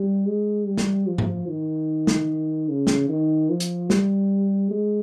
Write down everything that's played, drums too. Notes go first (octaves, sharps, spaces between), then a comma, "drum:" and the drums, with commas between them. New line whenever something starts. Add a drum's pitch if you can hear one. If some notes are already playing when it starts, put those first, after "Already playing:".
Already playing: G3
G#3
G3
drum: snare
F3
drum: tom G#2
D#3
drum: snare
C#3
drum: snare
D#3
F3
drum: hi-hat
G3, drum: snare
G#3